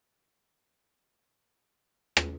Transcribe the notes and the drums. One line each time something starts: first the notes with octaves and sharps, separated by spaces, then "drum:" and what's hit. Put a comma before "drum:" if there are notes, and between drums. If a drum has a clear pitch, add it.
F3 D#4
C#2 D5
C#3 A3 A#5 B5
drum: rim click